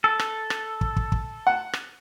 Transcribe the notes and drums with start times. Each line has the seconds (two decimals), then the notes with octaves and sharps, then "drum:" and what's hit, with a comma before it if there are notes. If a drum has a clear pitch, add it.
0.04 A4
0.19 drum: rim click
0.50 drum: rim click
0.81 drum: kick
0.96 drum: kick
1.12 drum: kick
1.47 F#5
1.73 drum: rim click